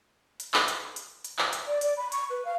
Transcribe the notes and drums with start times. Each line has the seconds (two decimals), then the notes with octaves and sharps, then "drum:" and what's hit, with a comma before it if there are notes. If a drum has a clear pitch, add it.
0.40 drum: hi-hat
0.54 drum: clap
0.68 drum: hi-hat
0.96 drum: hi-hat
1.24 drum: hi-hat
1.39 drum: clap
1.53 drum: hi-hat
1.67 D5
1.81 D5, drum: hi-hat
1.97 B5
2.12 C#6, drum: hi-hat
2.30 B4
2.45 F5